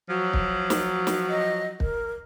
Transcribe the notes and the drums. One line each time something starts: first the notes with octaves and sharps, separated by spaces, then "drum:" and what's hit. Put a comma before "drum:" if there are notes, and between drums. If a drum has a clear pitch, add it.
F3 F#3
drum: kick
drum: snare
drum: snare
D#5
A#4, drum: kick